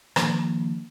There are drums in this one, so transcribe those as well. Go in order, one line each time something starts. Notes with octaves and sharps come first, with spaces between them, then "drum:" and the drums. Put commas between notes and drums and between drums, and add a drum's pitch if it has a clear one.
D#3 F3 A#3 D4, drum: rim click